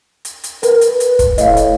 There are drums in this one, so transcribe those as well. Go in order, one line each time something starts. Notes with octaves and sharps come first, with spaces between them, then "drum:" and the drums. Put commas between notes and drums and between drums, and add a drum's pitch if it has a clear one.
drum: hi-hat
drum: hi-hat
A#4 B4, drum: hi-hat
drum: hi-hat
drum: hi-hat
drum: kick, hi-hat
A2 D#5 F5, drum: hi-hat
drum: hi-hat